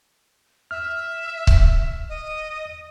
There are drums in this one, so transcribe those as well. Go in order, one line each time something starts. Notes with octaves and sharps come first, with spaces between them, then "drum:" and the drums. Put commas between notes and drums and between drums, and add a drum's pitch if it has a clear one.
E5 F6
drum: kick C#1
D#5